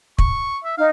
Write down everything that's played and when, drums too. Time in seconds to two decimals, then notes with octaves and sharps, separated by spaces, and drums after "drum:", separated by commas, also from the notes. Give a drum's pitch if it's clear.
0.19 C#6, drum: kick
0.64 E5
0.78 D#4 F5